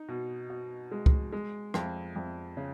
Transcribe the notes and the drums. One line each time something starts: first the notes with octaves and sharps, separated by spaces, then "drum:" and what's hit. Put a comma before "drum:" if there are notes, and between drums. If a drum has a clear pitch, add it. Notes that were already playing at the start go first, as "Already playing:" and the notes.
Already playing: D#4
B2
F#4
G#3
drum: kick C#2
G#3
F2, drum: rim click
F2
C#3